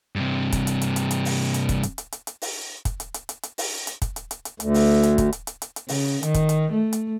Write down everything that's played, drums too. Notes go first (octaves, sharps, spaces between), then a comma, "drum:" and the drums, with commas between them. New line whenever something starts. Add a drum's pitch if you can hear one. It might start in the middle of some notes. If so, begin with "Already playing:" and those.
G2 C3
drum: kick, hi-hat
drum: hi-hat
drum: hi-hat
drum: hi-hat
drum: hi-hat
drum: open hi-hat
drum: hi-hat
drum: kick, hi-hat
drum: hi-hat
drum: hi-hat
drum: hi-hat
drum: hi-hat
drum: open hi-hat
drum: kick, hi-hat
drum: hi-hat
drum: hi-hat
drum: hi-hat
drum: hi-hat
drum: open hi-hat
drum: hi-hat
drum: kick, hi-hat
drum: hi-hat
drum: hi-hat
drum: hi-hat
D2, drum: hi-hat
drum: open hi-hat
drum: hi-hat
drum: kick, hi-hat
drum: hi-hat
drum: hi-hat
drum: hi-hat
drum: hi-hat
C#3, drum: open hi-hat
D#3, drum: hi-hat
drum: kick, hi-hat
drum: hi-hat
A3
drum: hi-hat